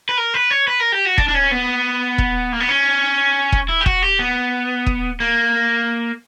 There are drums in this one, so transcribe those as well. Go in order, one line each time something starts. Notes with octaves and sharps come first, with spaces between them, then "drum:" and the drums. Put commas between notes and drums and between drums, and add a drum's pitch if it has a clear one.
B4
A#4
B4
C#5
B4
A#4
G4
F#4
D4, drum: kick E1
D4
C#4
B3
drum: kick E1
A#3
B3
C#4
drum: kick E1
E4
G4
F#4, drum: kick E1
G4
B3
drum: kick E1
A#3